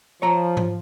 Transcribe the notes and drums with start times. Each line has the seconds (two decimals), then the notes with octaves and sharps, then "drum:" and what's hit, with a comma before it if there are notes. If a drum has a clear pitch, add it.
0.22 F3 C#5 A#5
0.57 drum: tom G#2